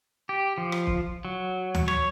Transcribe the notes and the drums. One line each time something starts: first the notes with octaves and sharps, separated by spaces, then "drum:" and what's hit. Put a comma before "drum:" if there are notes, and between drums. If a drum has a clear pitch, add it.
G4
F3
drum: rim click
drum: kick
F#3
drum: tom D2
C#5, drum: rim click